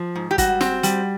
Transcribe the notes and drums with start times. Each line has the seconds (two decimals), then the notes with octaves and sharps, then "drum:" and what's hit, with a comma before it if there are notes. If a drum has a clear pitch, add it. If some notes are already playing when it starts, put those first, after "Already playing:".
Already playing: F3
0.16 G#2
0.31 G4
0.38 G3 F#4, drum: kick, hi-hat
0.61 C4, drum: snare
0.83 G3, drum: hi-hat